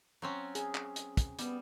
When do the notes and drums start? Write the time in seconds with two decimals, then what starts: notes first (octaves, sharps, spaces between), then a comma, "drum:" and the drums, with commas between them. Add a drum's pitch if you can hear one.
0.22 F#3 C4 C#4
0.55 G#4, drum: hi-hat
0.75 drum: clap
0.96 drum: hi-hat
1.17 drum: kick, hi-hat
1.39 G3 B3, drum: hi-hat